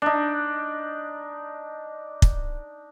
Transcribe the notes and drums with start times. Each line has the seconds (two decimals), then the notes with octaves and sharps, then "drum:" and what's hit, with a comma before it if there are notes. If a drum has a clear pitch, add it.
0.02 D4 D#4
2.22 drum: kick